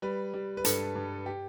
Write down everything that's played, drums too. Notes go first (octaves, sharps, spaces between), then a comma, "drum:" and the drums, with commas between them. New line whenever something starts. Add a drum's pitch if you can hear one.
G3 B4
G3
B4
G2 A4, drum: hi-hat
G2
G4